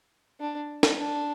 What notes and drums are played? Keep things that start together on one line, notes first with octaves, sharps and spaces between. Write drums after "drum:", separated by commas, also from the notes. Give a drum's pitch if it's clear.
D4
drum: snare
D4